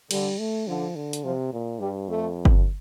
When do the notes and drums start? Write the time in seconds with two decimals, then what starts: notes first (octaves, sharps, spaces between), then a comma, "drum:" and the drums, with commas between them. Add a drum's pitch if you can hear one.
0.11 D3 G3, drum: cymbal
0.40 A3
0.68 D3 F3
0.96 D3
1.13 drum: hi-hat
1.24 C3 F3
1.53 A#2
1.80 G2 G3
2.08 F2 A3
2.45 drum: kick G1